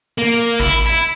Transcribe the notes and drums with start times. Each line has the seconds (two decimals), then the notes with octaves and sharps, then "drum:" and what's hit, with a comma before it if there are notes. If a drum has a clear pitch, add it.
0.18 A#3
0.60 E4, drum: kick G#1
0.86 E4